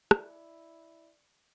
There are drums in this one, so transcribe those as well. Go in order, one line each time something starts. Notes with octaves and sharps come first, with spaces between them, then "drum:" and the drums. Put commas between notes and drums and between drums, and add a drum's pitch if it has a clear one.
E4 D5, drum: rim click